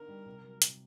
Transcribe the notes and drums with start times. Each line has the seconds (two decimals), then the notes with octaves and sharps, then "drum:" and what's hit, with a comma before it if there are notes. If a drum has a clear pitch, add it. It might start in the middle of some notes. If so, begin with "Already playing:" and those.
Already playing: D3 B3 D#4 A#4
0.09 G3
0.26 C3
0.44 F#3
0.62 C3, drum: hi-hat